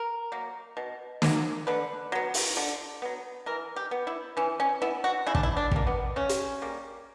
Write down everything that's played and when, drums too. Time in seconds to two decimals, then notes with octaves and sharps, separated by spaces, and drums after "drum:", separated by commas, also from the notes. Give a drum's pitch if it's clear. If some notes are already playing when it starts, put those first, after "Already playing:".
Already playing: A#4
0.32 F#3 A#3
0.77 B2
1.22 F#3 A#3, drum: snare
1.67 D3 B4
2.12 F#3 B3
2.34 drum: open hi-hat
2.57 D3
3.02 F#3 B3
3.46 E3 A#4
3.76 G4
3.91 B3
4.07 E4
4.37 E3 C#4
4.60 C#4
4.82 B3 E4
5.04 F#4
5.26 C#3 E4
5.35 D4, drum: kick
5.43 E4
5.57 D4
5.71 G3 A#3, drum: kick
5.87 B3
6.16 C#3 C#4
6.29 drum: hi-hat
6.62 G3 A#3